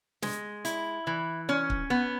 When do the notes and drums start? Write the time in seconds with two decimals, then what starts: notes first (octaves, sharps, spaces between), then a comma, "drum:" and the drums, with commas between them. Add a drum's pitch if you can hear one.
0.22 G#3, drum: snare
0.65 E4, drum: hi-hat
1.07 E3
1.49 C#4
1.70 drum: kick
1.90 B3